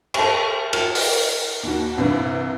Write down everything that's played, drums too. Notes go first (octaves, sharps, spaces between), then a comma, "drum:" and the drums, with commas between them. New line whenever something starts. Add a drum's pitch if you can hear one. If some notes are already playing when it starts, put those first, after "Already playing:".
A4 C#6, drum: cymbal
F6, drum: cymbal
drum: open hi-hat
D#2 F#4
C2 G2 C3 E3